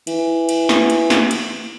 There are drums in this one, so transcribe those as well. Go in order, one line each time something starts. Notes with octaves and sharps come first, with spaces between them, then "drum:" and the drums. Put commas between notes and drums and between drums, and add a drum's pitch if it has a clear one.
E3, drum: cymbal
drum: cymbal
drum: snare
drum: cymbal
drum: snare
drum: cymbal